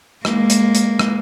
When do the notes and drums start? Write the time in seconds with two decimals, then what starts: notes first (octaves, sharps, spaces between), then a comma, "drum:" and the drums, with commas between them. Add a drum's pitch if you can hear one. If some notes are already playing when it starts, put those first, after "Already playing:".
0.25 G#3 A#3, drum: rim click
0.50 drum: hi-hat
0.75 drum: hi-hat
0.99 drum: rim click